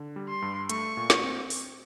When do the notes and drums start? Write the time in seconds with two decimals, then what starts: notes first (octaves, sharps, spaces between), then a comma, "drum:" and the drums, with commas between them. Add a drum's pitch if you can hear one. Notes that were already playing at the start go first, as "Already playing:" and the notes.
Already playing: D3
0.16 G3
0.29 C6
0.42 G2
0.69 A3 C#6, drum: hi-hat
0.97 A#2
1.10 drum: snare
1.24 C4
1.50 drum: open hi-hat